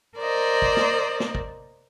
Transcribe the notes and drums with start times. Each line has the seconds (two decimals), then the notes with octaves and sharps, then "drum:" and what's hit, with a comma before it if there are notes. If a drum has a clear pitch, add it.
0.18 A#4 C5 D5 D#5
0.62 drum: kick
0.77 drum: snare
1.20 drum: snare
1.35 drum: kick